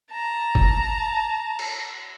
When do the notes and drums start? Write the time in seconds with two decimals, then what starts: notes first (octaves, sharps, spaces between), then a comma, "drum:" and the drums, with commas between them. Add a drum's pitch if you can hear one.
0.11 A5 A#5
0.55 drum: kick G1
1.59 drum: cymbal